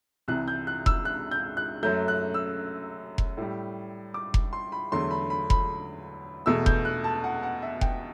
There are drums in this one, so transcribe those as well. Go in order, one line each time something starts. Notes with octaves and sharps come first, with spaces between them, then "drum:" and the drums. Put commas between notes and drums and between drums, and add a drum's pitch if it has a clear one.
C2 C3 E3 F#6
G6
F#6
E6, drum: kick F1
F#6
G6
F#6
F#2 F#3 A3 G6
F#6
E6
drum: kick F1
A2 G3
D6
drum: kick F1
C6
B5
E2 D3 F#3 A3 C6
B5
B5
B5, drum: kick F1
E2 B2 A3 E6
G6, drum: kick F1
F#6
A5
F#5
F#5
E5
G5, drum: kick F1